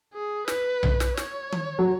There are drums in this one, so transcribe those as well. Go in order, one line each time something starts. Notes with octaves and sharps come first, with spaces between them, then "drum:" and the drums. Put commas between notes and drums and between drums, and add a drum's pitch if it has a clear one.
G#4
B4, drum: snare
drum: tom B1
drum: snare
C#5, drum: snare
drum: tom D#3
F#3